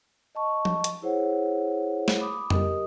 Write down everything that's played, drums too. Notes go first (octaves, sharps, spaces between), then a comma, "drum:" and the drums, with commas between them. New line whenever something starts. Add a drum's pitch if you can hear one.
D#5 A5 C#6
drum: tom F3
drum: hi-hat
E4 G#4 C5 C#5 F#5
drum: snare
B5 D6 D#6
G4 A#4 D#5 D#6, drum: tom F2